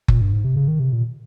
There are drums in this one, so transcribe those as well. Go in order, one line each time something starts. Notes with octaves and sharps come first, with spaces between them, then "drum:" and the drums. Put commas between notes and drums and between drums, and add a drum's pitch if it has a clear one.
A#2, drum: kick F#1
G2
G#2
C3
C#3
D#3
C3
A#2